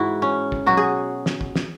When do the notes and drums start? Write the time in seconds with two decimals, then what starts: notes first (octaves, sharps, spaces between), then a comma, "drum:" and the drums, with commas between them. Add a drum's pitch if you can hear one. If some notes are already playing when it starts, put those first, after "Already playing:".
Already playing: G#2 E3 E4 F#4
0.22 C#4
0.52 drum: kick
0.66 B2 F#3 F#4
0.77 G#4
1.26 drum: snare
1.41 drum: kick
1.56 drum: snare